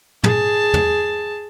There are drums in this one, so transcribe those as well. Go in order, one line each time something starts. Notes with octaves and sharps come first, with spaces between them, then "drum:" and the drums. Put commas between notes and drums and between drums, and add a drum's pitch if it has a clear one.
G#4 A5, drum: tom
drum: tom